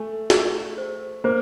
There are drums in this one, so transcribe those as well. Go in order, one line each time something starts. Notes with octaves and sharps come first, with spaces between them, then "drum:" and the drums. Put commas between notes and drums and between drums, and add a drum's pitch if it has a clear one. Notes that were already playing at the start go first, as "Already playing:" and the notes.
Already playing: A3 G#5
G#4, drum: snare
C5
A#3 C5